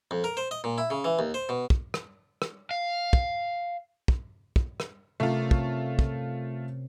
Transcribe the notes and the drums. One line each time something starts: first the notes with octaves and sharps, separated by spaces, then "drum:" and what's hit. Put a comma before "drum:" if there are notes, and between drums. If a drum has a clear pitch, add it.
F2
A#4
C5
D#5
A#2
E4
C#3
E3
D#2
C5
B2
drum: kick
drum: rim click
drum: rim click
F5
drum: kick
drum: kick
drum: kick
drum: rim click
C3 A3 C#4 F4 A#4
drum: kick
drum: kick